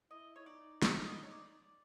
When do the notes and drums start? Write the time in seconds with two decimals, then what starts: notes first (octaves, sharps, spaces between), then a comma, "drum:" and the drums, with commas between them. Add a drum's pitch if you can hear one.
0.10 E4 D#5
0.36 E4 C#5
0.46 D#4 D5
0.82 D5, drum: snare
1.06 D#5
1.23 C#5
1.31 D5